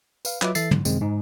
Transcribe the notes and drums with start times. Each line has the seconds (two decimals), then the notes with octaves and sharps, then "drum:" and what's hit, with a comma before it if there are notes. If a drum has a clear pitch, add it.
0.25 B4 F5, drum: tambourine
0.42 F#3 F4 B4 D#5 E5 D6, drum: clap
0.55 E3 A4 E5 A6 C7, drum: tambourine
0.71 G#2, drum: tom
0.85 F#2 C3 D#3 G#3 C4, drum: tambourine
1.01 G#2 D#4